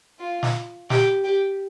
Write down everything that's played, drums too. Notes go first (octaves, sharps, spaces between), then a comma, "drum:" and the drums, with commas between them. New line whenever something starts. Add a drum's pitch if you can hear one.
F4
drum: snare
G4, drum: snare
G4